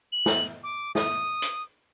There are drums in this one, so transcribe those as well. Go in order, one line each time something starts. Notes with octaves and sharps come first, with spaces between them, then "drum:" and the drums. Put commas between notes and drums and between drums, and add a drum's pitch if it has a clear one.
F#7
drum: snare
D6
D#6, drum: snare
drum: hi-hat